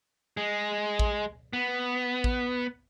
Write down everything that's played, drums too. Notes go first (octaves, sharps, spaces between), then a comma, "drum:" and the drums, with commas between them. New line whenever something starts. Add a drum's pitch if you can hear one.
G#3
drum: kick A1
B3
drum: kick A1